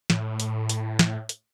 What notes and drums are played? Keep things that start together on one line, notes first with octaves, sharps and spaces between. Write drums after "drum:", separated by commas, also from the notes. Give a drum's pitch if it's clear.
A2, drum: snare
drum: hi-hat
drum: hi-hat
drum: snare
drum: hi-hat